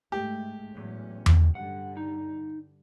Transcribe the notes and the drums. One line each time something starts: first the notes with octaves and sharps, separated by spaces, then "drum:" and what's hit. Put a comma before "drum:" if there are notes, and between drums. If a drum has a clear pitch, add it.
G#2 G#3 A3 G4
E2 A2 F#3 C#4
drum: tom E2
G2 D3 G3 F#5
D#4